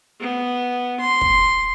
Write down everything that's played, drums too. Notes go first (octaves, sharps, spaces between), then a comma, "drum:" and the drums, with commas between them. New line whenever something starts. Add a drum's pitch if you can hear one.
B3
C6
drum: kick